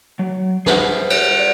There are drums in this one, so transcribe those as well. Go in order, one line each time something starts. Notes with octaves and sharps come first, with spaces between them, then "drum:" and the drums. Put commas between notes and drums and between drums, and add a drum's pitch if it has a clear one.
F#3
G#4 B4 C5 E5 F#5, drum: snare
drum: cymbal
D5